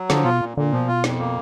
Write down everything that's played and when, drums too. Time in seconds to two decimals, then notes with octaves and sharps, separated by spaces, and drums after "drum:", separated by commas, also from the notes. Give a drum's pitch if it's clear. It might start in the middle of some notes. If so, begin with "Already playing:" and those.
Already playing: F#3
0.10 D3 F3, drum: snare
0.25 B2 F4
0.41 A#2
0.57 A#2 D3
0.72 B2 F3
0.88 F4
1.04 F2, drum: snare
1.19 A#3